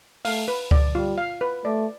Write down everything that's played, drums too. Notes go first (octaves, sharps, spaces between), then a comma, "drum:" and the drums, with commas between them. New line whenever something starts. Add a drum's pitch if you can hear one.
A3 F5, drum: open hi-hat
B4
D5, drum: kick C#2
G3 F4
F5
B4
A3 D5